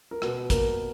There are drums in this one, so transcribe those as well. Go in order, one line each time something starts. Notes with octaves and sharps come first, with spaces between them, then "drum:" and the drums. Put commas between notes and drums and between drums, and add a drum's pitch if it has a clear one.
A#4
B2 B3 B4, drum: rim click
A#3 A#4, drum: kick, hi-hat